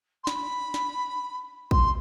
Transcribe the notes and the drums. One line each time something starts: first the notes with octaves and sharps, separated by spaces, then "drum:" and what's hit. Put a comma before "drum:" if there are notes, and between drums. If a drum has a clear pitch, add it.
C6
B5, drum: snare
drum: snare
C6, drum: kick